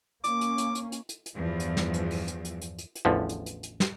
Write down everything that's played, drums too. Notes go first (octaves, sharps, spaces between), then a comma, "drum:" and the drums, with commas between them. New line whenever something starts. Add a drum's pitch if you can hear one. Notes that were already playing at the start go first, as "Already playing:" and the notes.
A#3 C#4 D6, drum: hi-hat
drum: hi-hat
drum: hi-hat
drum: hi-hat
drum: hi-hat
drum: hi-hat
drum: hi-hat
E2 G2 F3
drum: hi-hat
drum: snare
drum: hi-hat
drum: open hi-hat
drum: hi-hat
drum: hi-hat
drum: hi-hat
drum: hi-hat
drum: hi-hat
A1 E2 D3 F3
drum: hi-hat
drum: hi-hat
drum: hi-hat
drum: snare